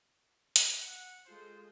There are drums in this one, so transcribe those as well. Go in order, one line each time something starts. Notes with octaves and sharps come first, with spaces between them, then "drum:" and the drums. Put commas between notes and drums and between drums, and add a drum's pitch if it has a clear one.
drum: hi-hat
F#5
G#3 F4 A4 C5